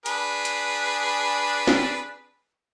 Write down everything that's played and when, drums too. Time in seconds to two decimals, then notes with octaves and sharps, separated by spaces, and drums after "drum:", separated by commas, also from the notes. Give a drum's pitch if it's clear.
0.06 D4 G#4 B4, drum: hi-hat
0.45 drum: hi-hat
1.67 drum: snare C4